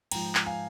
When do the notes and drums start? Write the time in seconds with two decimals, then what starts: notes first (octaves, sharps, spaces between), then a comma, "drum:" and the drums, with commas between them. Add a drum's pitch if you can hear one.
0.12 G#2 F3 G5 A#5, drum: cymbal
0.35 drum: clap
0.46 F5 G#5